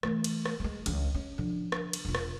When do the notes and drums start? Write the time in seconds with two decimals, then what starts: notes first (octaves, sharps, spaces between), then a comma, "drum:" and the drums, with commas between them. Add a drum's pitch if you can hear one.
0.03 E3 A3, drum: rim click
0.24 drum: cymbal
0.45 drum: rim click
0.60 G#3 A3
0.86 C#2 E3, drum: cymbal
1.15 C#4
1.38 D3 F3
1.72 drum: rim click
1.93 drum: cymbal
2.05 E1 F4
2.15 drum: rim click